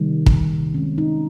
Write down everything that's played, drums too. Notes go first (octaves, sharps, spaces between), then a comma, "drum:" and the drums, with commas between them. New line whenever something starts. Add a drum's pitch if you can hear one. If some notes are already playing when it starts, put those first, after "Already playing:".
Already playing: C3 D#3 G3 A#3
drum: kick
D#3 G#3 C4 C#4
D#4